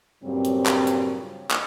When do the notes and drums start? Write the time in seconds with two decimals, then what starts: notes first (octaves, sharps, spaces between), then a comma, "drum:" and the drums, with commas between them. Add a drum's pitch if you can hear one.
0.24 G2 A#2 C#3 F#3 G3 C4
0.45 drum: hi-hat
0.66 drum: clap
0.87 drum: hi-hat
1.51 drum: clap